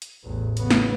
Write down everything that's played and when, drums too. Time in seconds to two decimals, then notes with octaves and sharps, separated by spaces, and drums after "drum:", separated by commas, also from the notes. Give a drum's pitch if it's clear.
0.02 drum: hi-hat
0.24 A1 E2
0.57 C#3 B3, drum: hi-hat
0.70 drum: snare